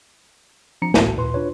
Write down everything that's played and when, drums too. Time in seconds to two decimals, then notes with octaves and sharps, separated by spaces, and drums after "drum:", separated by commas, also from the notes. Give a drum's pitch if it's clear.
0.82 F3 C4 D4 A#5 C#7
0.94 G#1 C#2 A2 F#4 A5, drum: snare
1.16 D#2 A#2 B4 C6
1.34 D4 F4 B4 C#5